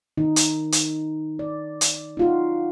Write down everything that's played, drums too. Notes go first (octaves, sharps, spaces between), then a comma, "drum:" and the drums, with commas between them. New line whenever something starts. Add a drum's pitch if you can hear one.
D#3 D#4
drum: hi-hat
drum: hi-hat
D5
drum: hi-hat
D#4 F4 F#4